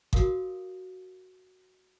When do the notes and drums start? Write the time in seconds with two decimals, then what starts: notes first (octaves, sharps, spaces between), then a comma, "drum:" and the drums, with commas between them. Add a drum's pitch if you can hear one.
0.13 F#4 A#4 F5 D#6, drum: kick G1